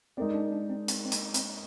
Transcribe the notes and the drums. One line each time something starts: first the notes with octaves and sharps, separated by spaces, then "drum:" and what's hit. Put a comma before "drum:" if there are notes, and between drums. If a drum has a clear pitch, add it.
G#3 C4 D#4 A#4 D5
D4
D4
C4
C4, drum: hi-hat
C4
A#3, drum: hi-hat
C4, drum: hi-hat